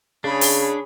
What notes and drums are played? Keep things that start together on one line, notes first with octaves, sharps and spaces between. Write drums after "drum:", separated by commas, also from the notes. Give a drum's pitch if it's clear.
C#3 D4 G#4 C#5 B5
drum: open hi-hat